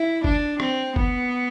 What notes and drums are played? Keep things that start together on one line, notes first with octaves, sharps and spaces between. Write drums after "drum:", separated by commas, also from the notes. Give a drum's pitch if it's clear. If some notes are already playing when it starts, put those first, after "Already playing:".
Already playing: E4
D4, drum: kick F#1
C4, drum: rim click
B3, drum: kick F#1